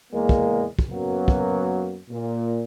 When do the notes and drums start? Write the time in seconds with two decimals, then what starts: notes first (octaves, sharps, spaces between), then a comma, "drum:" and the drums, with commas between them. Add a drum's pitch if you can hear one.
0.13 E2 G#3 A#3
0.29 drum: kick
0.79 drum: kick
0.91 F#2 F#3 A#3 B3
1.28 drum: kick
2.10 A#2